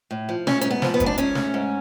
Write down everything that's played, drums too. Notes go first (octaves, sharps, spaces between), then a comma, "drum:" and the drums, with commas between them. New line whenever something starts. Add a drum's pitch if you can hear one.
A2
F3
A3 C#4, drum: snare
G#2 C#4, drum: hi-hat
B3
F3, drum: snare
B3
G#2, drum: kick, hi-hat
D4
G#2 C#4, drum: hi-hat
A3, drum: snare
G#2